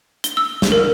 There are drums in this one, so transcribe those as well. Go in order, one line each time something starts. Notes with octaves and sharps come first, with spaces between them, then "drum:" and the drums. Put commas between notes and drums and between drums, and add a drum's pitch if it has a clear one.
G7, drum: hi-hat
E6
drum: snare
A#4